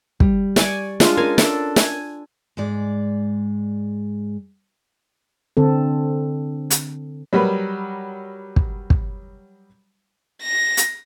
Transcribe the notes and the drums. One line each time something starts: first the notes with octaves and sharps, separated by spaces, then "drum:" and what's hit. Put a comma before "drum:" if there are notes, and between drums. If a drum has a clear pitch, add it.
G3, drum: kick
D5 G#5 C#6, drum: snare
G#3 D4 F4, drum: snare
C#4 A#4 F5 G#5
D4 A4 D5, drum: snare
G#5, drum: snare
G#2 G#3 D5
D3 C4 A4
drum: hi-hat
F#3 G3 A#4 B4
drum: kick
drum: kick
A#6
drum: hi-hat